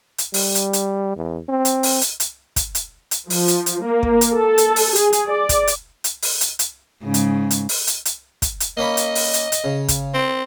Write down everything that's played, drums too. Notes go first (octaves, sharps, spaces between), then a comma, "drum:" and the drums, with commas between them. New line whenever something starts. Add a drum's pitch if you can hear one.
drum: hi-hat
G3, drum: open hi-hat
drum: hi-hat
drum: hi-hat
E2
C4
drum: hi-hat
drum: open hi-hat
drum: hi-hat
drum: hi-hat
drum: kick, hi-hat
drum: hi-hat
drum: hi-hat
F3, drum: open hi-hat
drum: hi-hat
drum: hi-hat
A#3
drum: kick
drum: hi-hat
A4
drum: hi-hat
drum: open hi-hat
G#4, drum: hi-hat
drum: hi-hat
D5
drum: kick, hi-hat
drum: hi-hat
drum: hi-hat
drum: open hi-hat
drum: hi-hat
drum: hi-hat
G#2 C#3
drum: hi-hat
drum: hi-hat
drum: open hi-hat
drum: hi-hat
drum: hi-hat
drum: kick, hi-hat
drum: hi-hat
A#3 C#4 D#5 B5
drum: hi-hat
drum: open hi-hat
drum: hi-hat
drum: hi-hat
C#3
drum: kick, hi-hat
C4